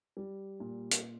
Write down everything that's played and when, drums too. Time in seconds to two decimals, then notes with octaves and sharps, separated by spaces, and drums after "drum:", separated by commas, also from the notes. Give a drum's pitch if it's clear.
0.17 G3
0.60 A#2
0.91 drum: hi-hat